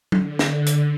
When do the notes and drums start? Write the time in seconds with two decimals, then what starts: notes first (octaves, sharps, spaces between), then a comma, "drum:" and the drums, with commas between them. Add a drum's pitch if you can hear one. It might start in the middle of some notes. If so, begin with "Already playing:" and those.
0.12 D3, drum: tom
0.39 drum: snare
0.66 drum: hi-hat